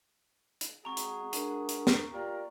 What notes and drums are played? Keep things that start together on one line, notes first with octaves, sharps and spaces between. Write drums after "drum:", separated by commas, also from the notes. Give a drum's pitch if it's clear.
drum: hi-hat
G#3 C4 F#4 G#4 A#5 C#6
drum: hi-hat
D4 A#4, drum: hi-hat
drum: hi-hat
drum: snare
A#3 F4 G4 A#4 D5